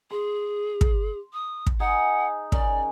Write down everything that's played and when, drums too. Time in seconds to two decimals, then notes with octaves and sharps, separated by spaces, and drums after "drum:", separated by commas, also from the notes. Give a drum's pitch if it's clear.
0.11 G#4 C6
0.81 drum: kick
1.33 D#6
1.67 drum: kick
1.80 D#4 G#4 F#5
2.52 C#3 A#4 D5, drum: kick